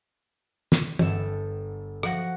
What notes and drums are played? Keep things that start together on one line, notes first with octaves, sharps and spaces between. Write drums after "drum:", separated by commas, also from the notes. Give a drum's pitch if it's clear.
drum: snare
G1 G2 A4 E7, drum: tom
F3 F#4 F#5 A#6, drum: rim click